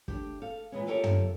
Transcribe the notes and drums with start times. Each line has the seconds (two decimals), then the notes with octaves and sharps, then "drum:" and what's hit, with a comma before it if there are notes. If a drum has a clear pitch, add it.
0.08 A3 D4 G4, drum: kick
0.42 A4 F5
0.72 A#2 E3 G#3 C#4
0.87 F4 G4 A4 A#4 C#5 E5
1.04 drum: tom